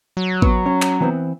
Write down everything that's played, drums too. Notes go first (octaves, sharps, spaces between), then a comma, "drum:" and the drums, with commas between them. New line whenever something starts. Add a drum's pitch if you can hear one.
F#3
B3, drum: kick G#1
C#4 C#5
drum: clap
E3 B3 C4